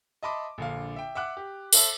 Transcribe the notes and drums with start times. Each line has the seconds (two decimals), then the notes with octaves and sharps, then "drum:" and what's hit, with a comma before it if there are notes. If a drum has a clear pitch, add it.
0.23 D#5 E5 A5 B5 C6 D6
0.58 A#1 D3 F5
0.96 E5 G5
1.15 E5 F#5 D6 F#6
1.37 G4
1.72 A4 C5 E5 A5 E6, drum: tambourine